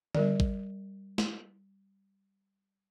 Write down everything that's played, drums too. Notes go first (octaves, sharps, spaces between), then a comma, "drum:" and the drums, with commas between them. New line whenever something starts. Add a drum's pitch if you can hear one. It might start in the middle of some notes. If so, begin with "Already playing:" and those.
G3 A#4 D5, drum: tom D3
drum: kick G#1
drum: snare